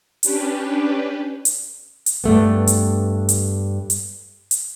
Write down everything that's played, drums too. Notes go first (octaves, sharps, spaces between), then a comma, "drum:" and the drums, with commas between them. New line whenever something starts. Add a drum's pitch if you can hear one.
C#4 D4 G4 B4, drum: hi-hat
drum: hi-hat
drum: hi-hat
G2 A3 B3
drum: hi-hat
drum: hi-hat
drum: hi-hat
drum: hi-hat